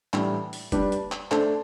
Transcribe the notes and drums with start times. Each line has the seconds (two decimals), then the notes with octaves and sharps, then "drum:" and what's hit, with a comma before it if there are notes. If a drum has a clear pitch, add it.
0.13 A2 E3 G3 D4, drum: clap
0.53 drum: open hi-hat
0.72 G3 D4 G4 B4, drum: kick, hi-hat
0.92 drum: hi-hat
1.12 drum: clap
1.31 A3 D4 A4 C5, drum: clap